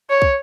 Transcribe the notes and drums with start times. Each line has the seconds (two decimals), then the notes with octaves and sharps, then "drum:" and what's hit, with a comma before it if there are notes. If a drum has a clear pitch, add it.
0.10 C#5
0.22 drum: kick